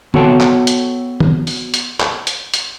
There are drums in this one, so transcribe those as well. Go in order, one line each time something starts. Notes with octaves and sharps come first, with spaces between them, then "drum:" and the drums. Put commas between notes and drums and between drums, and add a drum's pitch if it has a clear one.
B3 F#4 A4 C#5 G5 A5, drum: tom D3
drum: clap
drum: hi-hat
drum: tom
drum: open hi-hat
drum: hi-hat
drum: clap
drum: hi-hat
drum: hi-hat